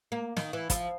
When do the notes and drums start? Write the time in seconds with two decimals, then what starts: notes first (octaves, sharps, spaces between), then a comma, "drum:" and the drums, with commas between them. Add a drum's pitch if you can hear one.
0.12 A#3
0.37 D#3, drum: snare
0.53 E3
0.70 F3, drum: kick, hi-hat